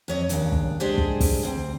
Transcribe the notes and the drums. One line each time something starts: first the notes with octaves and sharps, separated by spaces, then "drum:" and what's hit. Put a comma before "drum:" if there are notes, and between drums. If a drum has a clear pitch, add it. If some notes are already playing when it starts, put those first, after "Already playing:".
F2 C#5 D#5
D#2 C#3 D4, drum: hi-hat
drum: kick
G#3 D4 G4 G#4 C5 D5
drum: kick
drum: kick, open hi-hat
D2 C4